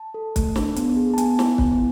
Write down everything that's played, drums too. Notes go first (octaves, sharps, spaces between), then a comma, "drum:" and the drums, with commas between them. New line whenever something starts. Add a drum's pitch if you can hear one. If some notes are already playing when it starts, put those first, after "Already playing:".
Already playing: A5
A4
A3, drum: kick, hi-hat
D4, drum: snare
B3, drum: hi-hat
G#4
A5
B3 G#5, drum: hi-hat
E4, drum: snare
B3, drum: kick